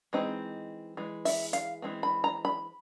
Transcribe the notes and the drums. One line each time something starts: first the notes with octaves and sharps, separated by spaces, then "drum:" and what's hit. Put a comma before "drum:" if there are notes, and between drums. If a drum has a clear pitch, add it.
E3 G#3 C4 D#4
E3 G#3
E5, drum: open hi-hat
F5, drum: hi-hat
E3 G#3 C4
B5
A#5
B5